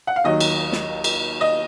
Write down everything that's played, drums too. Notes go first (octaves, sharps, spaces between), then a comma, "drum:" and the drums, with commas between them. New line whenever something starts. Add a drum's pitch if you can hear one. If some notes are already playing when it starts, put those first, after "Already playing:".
F#5
F5
D#2 D#3 F#3 D#5
drum: cymbal
drum: snare
drum: cymbal
D#5